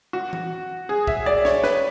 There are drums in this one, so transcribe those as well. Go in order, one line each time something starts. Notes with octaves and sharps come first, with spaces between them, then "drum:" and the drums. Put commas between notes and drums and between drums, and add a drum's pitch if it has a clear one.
F#4
drum: tom E3
G#4
E5, drum: kick
D5
C#5, drum: snare
B4, drum: snare